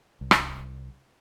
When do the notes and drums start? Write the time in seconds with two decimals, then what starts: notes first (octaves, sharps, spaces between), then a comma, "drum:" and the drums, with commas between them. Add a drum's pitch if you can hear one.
0.21 C2
0.31 drum: rim click